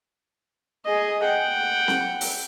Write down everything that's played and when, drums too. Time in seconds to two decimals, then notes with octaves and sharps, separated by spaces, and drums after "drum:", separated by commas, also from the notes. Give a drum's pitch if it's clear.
0.86 G#4 D#5
1.23 F#5 G5
1.88 drum: snare C4
2.21 drum: open hi-hat